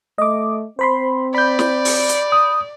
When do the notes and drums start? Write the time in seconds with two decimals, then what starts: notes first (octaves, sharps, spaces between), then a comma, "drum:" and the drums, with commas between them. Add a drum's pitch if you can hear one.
0.18 A3 D#5 D6
0.79 C4 C5 B5 C6
1.35 D5 B5 G6
1.59 drum: snare
1.85 drum: open hi-hat
2.09 drum: hi-hat
2.32 D#6